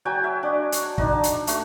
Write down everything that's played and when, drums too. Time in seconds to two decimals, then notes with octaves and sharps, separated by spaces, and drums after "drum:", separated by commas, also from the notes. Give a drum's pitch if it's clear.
0.05 F#3 F#4 G5 G#5
0.24 E5
0.43 D4 D#5
0.72 drum: hi-hat
0.98 D4 D#4 D#5, drum: kick
1.13 A5
1.23 drum: hi-hat
1.47 A3 F#4, drum: hi-hat